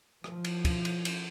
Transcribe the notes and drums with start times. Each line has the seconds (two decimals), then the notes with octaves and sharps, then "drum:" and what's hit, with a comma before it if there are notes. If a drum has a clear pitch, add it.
0.24 F3, drum: rim click
0.44 drum: cymbal
0.65 drum: kick, cymbal
0.85 drum: cymbal
1.05 drum: cymbal